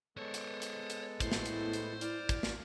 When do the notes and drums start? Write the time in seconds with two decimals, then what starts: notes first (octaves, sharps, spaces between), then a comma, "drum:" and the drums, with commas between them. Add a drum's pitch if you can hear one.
0.17 G#3 B3 A4 C5 C#5
0.34 drum: hi-hat
0.62 drum: hi-hat
0.90 drum: hi-hat
1.20 A2 E4 C5, drum: kick, hi-hat
1.32 drum: snare
1.46 drum: hi-hat
1.73 drum: hi-hat
2.01 D5 F6, drum: hi-hat
2.29 drum: kick, hi-hat
2.43 drum: snare